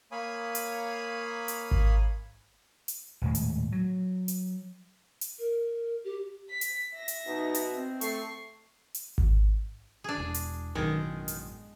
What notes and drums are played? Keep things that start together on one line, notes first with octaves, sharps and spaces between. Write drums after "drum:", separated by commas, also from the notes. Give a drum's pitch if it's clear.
A#3 C#5 F5 G#5 B5 D#6
drum: hi-hat
drum: hi-hat
drum: kick G#1
drum: hi-hat
D#1 A2 G#3
drum: hi-hat
F#3
drum: hi-hat
drum: hi-hat
A#4
G4
B6
drum: hi-hat
E5 A#6
drum: hi-hat
B2 D#4
drum: hi-hat
C4
A3 C#6 C7, drum: hi-hat
drum: hi-hat
drum: kick G#1
D4 G#4
E1
drum: hi-hat
A1 F#2 B2 D#3 G#3
drum: hi-hat